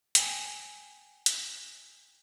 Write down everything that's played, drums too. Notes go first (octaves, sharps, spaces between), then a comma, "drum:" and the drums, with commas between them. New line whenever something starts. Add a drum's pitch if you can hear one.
G5 G#5 E7, drum: hi-hat
drum: hi-hat